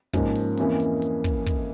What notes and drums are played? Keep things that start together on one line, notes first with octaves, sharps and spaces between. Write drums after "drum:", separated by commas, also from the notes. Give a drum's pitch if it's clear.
G#2 F3 A#3 C#4, drum: kick, hi-hat
drum: open hi-hat
F2 E3 A#3 C#4, drum: hi-hat
drum: hi-hat
drum: hi-hat
drum: kick, hi-hat
drum: kick, hi-hat